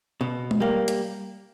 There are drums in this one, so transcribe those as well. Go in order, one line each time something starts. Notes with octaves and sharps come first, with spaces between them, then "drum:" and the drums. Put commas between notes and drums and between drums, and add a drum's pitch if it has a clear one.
B2
drum: tom G#3
G3 A#3
drum: hi-hat